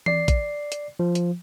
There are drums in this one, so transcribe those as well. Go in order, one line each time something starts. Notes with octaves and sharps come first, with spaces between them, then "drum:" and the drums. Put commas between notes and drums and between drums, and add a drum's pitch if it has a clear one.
D5 C7, drum: tom E3
drum: kick, hi-hat
drum: hi-hat
F3
drum: hi-hat